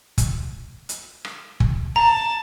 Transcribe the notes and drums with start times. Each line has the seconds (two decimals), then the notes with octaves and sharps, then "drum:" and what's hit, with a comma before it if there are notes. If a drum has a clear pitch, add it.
0.18 drum: kick, hi-hat
0.89 drum: hi-hat
1.25 drum: rim click
1.60 drum: kick
1.96 A5 A#5